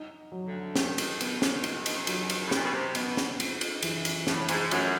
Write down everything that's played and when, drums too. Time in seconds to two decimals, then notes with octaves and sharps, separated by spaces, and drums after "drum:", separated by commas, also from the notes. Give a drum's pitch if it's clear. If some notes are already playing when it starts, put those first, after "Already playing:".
Already playing: D#4
0.32 F#3
0.46 D2 D3
0.76 D#2 D#3 G4, drum: snare
0.98 drum: cymbal
1.21 B3, drum: cymbal
1.42 drum: snare
1.64 D#4, drum: cymbal
1.86 drum: cymbal
2.07 F#3, drum: cymbal
2.30 drum: cymbal
2.48 A2
2.51 A#2 G4, drum: snare
2.65 B2
2.73 C3
2.95 B2 B3, drum: cymbal
3.17 drum: snare
3.40 C4, drum: cymbal
3.61 drum: cymbal
3.82 E3, drum: cymbal
4.05 drum: cymbal
4.27 A2 E3, drum: snare
4.48 G#2, drum: cymbal
4.71 F#2 A3, drum: cymbal